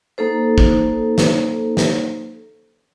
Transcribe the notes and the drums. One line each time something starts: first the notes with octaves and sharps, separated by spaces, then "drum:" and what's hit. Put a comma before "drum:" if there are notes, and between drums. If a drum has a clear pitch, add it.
A#3 D#4 A4 C5
drum: kick
drum: snare
drum: snare